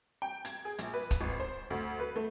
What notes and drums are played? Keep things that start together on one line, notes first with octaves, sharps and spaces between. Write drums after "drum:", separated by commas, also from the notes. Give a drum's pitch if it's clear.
G5
G#6, drum: hi-hat
G#4
A#1, drum: hi-hat
B4
drum: kick, hi-hat
G#1
C5
D2
B4
A3